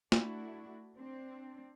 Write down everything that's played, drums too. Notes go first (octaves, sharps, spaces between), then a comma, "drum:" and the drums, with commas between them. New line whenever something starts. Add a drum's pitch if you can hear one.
A3 D4 E4 F#4, drum: snare
C4 D4